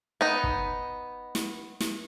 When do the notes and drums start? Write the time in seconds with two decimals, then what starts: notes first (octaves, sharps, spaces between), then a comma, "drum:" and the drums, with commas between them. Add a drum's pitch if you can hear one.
0.21 B3 D#4
0.44 drum: kick
1.35 drum: snare
1.80 drum: snare